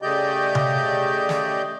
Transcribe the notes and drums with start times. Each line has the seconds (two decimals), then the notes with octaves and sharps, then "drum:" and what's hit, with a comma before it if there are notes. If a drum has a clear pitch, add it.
0.02 C#3 A3 G4 D5 D#5 G6
0.55 drum: tom C3
1.29 drum: snare